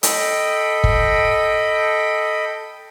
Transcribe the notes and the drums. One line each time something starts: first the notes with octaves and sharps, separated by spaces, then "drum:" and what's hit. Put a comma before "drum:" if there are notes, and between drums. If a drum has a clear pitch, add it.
A4 D#5 G5 B5, drum: hi-hat
drum: kick